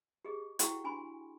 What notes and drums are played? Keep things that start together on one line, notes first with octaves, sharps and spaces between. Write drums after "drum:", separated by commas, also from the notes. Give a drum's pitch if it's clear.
G4 G#4 D#5
E4 F#4 F#5 G5 C#6, drum: hi-hat
D4 G#5 B5 C6